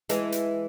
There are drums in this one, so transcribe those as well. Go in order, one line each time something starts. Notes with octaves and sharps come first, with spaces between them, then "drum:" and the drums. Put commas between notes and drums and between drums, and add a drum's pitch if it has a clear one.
E3 G#3, drum: hi-hat
drum: hi-hat